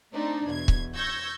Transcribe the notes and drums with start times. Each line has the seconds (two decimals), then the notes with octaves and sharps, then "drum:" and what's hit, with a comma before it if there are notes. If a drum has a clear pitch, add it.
0.13 A3 C4 D4 D#4
0.48 E2 B2 G#6
0.68 drum: kick C#1
0.94 C#6 E6 G6 G#6 A#6